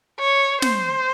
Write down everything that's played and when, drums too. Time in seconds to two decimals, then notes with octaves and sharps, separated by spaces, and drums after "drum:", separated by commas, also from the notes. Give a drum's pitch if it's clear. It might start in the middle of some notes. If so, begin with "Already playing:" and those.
0.20 C#5
0.62 C5, drum: snare